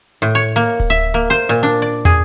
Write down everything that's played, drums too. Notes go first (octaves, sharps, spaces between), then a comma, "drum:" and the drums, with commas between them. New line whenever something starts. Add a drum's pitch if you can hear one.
A2
C#5
A#3
drum: kick D1, open hi-hat
E5
A#3
C5, drum: hi-hat
A#2
D4
D5, drum: hi-hat
G#4, drum: tom